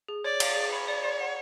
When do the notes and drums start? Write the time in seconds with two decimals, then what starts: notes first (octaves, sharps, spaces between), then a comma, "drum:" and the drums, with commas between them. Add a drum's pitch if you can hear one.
0.08 G#4
0.24 C#5 D5
0.40 F5, drum: cymbal
0.56 G#4
0.72 C#5 B5
0.88 D5
1.04 D5
1.20 F#5